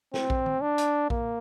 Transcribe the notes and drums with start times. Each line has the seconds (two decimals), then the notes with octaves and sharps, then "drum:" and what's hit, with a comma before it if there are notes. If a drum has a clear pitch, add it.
0.14 C4, drum: snare
0.30 drum: kick A#1
0.46 drum: tom
0.61 D4
0.78 drum: hi-hat
1.10 A#3, drum: kick A#1